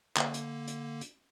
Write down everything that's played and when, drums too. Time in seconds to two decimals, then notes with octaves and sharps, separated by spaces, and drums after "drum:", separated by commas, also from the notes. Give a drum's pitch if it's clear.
0.17 D3 A#3, drum: clap
0.34 drum: hi-hat
0.67 drum: hi-hat
1.01 drum: hi-hat